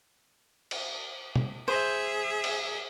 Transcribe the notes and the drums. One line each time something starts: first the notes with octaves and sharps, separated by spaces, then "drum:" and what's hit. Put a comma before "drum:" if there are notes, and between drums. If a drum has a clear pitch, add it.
drum: cymbal
drum: tom
G#4 C5 E5
drum: cymbal